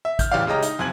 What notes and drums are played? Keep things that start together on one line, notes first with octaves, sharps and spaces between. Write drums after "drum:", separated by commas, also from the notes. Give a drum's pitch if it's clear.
E5
F6 G6, drum: kick, hi-hat
E1 A1 G4 D5 F5
C#2 C#3 G4 D#5 A#5
D#4, drum: hi-hat
F#1 F2 C3 G#5 G#6 F#7